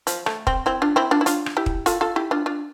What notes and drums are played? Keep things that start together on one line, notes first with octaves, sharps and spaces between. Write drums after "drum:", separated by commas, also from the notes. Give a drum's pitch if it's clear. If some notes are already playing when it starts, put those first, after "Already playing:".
F3, drum: hi-hat
A3, drum: rim click
C4, drum: kick
C4 E4
D4 F4
C4 E4
D4 F4
E4
D4 F4, drum: hi-hat
drum: rim click
E4 G4
drum: kick
F4 A4, drum: hi-hat
F4 A4
E4 G4
D4 F4
D4 F4